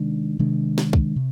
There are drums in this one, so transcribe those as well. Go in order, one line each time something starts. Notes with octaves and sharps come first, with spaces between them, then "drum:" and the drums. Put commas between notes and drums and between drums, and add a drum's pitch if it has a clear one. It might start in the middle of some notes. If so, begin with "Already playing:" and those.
Already playing: C3 D#3 G#3 D4
C3 D#3 G#3 D4
drum: snare
drum: kick
C3